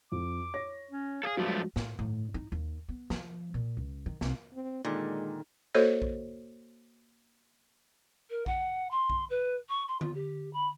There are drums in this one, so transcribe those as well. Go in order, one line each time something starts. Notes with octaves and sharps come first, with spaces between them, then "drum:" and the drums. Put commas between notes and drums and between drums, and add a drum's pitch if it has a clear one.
F2 D6
C#5 A#6
C#4
G#4 A4 F5
G2 F3 F#3 G#3 A3
A2, drum: snare
A2, drum: tom G2
D#4
D#2
B3
F3, drum: snare
A#2
C#2
D#3
C2, drum: snare
C4
A#2 D3 D#3 G#3
A#3 F#4 A4 C5 C#5 D#5
drum: kick A#1
A#4
F#5, drum: kick A#1
C6
drum: kick A#1
B4
C#6
C6
F4, drum: tom D3
G4
B5